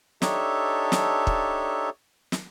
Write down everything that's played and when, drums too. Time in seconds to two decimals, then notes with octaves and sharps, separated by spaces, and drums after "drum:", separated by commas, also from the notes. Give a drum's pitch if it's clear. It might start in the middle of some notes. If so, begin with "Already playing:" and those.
0.22 D4 D#4 G4 A4 C#5 E5, drum: snare
0.92 drum: snare
1.27 drum: kick
2.32 drum: snare